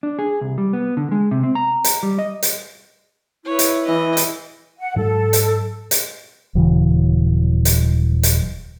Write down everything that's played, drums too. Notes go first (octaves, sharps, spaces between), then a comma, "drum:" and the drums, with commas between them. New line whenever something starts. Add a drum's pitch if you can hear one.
D4
G#4
C2
G3
B3
D3
G#3
C3
C4
A#5
drum: hi-hat
G3
D#5
drum: hi-hat
E4 B4 C#5
drum: hi-hat
E3 D#5
drum: hi-hat
F#5
G#2 F#3 D4 A4
drum: hi-hat
drum: hi-hat
D#1 C#3 E3 F#3
drum: hi-hat
drum: hi-hat